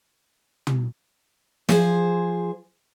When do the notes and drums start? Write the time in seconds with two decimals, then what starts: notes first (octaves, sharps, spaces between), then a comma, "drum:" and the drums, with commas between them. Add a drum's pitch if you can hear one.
0.67 drum: tom
1.69 F3 G#4 C5, drum: snare